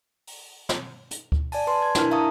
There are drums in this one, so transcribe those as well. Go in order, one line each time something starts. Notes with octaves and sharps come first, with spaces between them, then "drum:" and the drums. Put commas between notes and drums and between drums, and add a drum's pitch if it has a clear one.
drum: open hi-hat
drum: snare
drum: hi-hat
drum: kick D2
D5 G#5 A5, drum: open hi-hat
B4 A5 C6
G#6
D4 E4 A#4 F6, drum: snare
E5 F5 A5 A#5 C#6 D#6